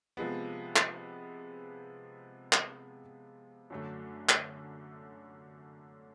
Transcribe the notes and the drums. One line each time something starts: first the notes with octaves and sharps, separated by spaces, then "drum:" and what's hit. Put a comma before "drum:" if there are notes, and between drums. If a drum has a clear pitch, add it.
C3 F3 G#3 B3
drum: clap
drum: clap
F#2 D3 F#3 A3
drum: clap